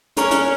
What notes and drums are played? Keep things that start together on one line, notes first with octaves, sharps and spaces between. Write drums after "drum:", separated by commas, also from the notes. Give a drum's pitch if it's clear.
C#4 A#4 C#5 F#5, drum: hi-hat
drum: hi-hat